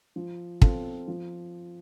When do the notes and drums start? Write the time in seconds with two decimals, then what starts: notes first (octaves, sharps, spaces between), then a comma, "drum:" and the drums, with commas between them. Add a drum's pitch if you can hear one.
0.16 F3
0.62 C4 F4 A4, drum: kick
1.08 F3